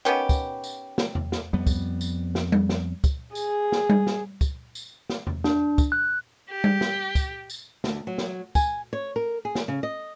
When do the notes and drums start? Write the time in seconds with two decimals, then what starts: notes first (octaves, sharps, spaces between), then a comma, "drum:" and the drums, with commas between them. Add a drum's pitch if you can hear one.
0.05 D#3 B3 C#4 G4
0.29 drum: kick, tambourine
0.64 drum: tambourine
0.98 drum: snare
1.15 drum: tom E2
1.32 drum: snare
1.53 F2 G3 B3
1.67 drum: kick, tambourine
2.01 drum: tambourine
2.35 drum: snare
2.52 drum: tom G3
2.69 drum: snare
3.04 drum: kick, tambourine
3.35 G#4, drum: tambourine
3.72 drum: snare
3.89 drum: tom G3
4.07 drum: snare
4.41 drum: kick, tambourine
4.75 drum: tambourine
5.10 drum: snare
5.27 drum: tom E2
5.44 D4, drum: snare
5.78 drum: kick, tambourine
5.92 F#6
6.50 G4
6.64 drum: tom G3
6.81 drum: snare
7.15 drum: kick, tambourine
7.50 drum: tambourine
7.84 D2, drum: snare
8.07 F#3
8.18 drum: snare
8.55 G#5, drum: kick, tambourine
8.93 C#5
9.16 A#4
9.45 G#4
9.55 drum: snare
9.68 C#3
9.83 D#5